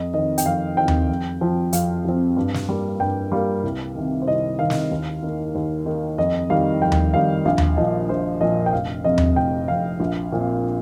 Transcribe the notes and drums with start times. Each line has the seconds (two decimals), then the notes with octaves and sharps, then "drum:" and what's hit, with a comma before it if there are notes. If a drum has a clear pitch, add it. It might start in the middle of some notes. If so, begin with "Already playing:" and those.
Already playing: F2 D#5
0.14 D#3 C4 D#5
0.38 G5, drum: hi-hat
0.46 F2 F5
0.77 D#3 C4 G5
0.88 drum: tom D#2
1.09 F2
1.41 F3 C4
1.73 F2 F5, drum: hi-hat
2.05 F3 C4
2.37 G2
2.54 drum: snare
2.69 G3 A#3
3.00 G2 G5
3.32 G3 A#3 F5
3.64 C2
3.95 C3 D#3
4.22 C5
4.27 C2 D#5
4.59 C3 D#3 F5
4.70 drum: snare
4.91 D#2
5.23 D#3 A#3
5.55 D#2
5.86 D#3 A#3
6.18 F2 D#5
6.50 D#3 G3 F5
6.82 F2 G5
6.92 drum: tom D#2
7.14 D#3 G3 F5
7.45 A#1 F5
7.58 drum: tom D#2
7.77 A#2 F3 D#5
8.09 A#1 C5
8.41 A#2 F3 D#5
8.66 G5
8.73 F1 F5
9.04 F2 C3 D#5
9.18 drum: tom D#2
9.36 F1 G5
9.68 F2 C3 F5
10.00 A#1
10.32 A#2 F3 C4